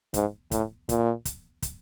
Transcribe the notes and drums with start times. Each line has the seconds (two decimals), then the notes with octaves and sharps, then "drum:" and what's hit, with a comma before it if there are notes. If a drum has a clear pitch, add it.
0.14 G#2, drum: kick, hi-hat
0.51 A2, drum: kick, hi-hat
0.89 A#2, drum: kick, hi-hat
1.25 drum: kick, hi-hat
1.62 drum: kick, hi-hat